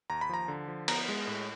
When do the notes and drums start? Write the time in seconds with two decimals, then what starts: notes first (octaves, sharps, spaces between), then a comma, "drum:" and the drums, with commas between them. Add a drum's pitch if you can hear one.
0.10 D#2 A#5
0.21 B5
0.29 F3 A#5
0.48 D3
0.68 F3
0.88 B3 A#5, drum: cymbal
1.09 G#3
1.27 A2